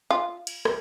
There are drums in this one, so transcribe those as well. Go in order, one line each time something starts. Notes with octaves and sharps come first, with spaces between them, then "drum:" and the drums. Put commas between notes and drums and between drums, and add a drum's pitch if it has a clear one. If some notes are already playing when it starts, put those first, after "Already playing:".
F4
drum: cymbal
drum: rim click